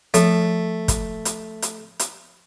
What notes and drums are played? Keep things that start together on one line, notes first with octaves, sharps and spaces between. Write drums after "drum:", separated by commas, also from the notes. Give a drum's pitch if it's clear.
F3 A3, drum: hi-hat
drum: kick, hi-hat
drum: hi-hat
drum: hi-hat
drum: hi-hat